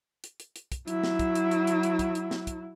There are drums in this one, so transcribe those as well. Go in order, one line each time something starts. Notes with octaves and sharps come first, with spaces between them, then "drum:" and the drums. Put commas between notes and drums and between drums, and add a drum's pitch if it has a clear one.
drum: hi-hat
drum: hi-hat
drum: hi-hat
drum: kick, hi-hat
F#3 E4, drum: hi-hat
drum: snare
drum: kick, hi-hat
drum: hi-hat
drum: hi-hat
drum: hi-hat
drum: hi-hat
drum: kick, hi-hat
drum: hi-hat
drum: snare
drum: kick, hi-hat